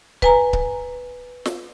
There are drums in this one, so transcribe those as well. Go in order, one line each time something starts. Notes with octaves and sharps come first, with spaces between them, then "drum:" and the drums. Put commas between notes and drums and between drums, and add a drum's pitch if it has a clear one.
B4 G#5 A#5, drum: kick C#1
drum: kick C#1
drum: snare